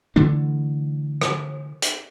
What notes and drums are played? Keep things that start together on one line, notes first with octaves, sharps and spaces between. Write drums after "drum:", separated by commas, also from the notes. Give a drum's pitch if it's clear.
D3 E3 A3 D4
drum: rim click
drum: hi-hat